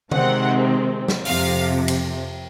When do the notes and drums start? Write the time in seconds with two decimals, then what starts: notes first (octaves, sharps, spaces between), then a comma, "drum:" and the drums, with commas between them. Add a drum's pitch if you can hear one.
0.12 C3 D#3 G#3 C4 F#5, drum: tom D3
1.08 drum: snare
1.25 F2 C3 F3 F5, drum: open hi-hat
1.88 drum: cymbal